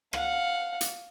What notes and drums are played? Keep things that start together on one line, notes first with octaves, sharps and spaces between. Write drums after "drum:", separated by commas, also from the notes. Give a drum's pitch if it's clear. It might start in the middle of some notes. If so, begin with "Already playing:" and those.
F5 F#5, drum: rim click
drum: hi-hat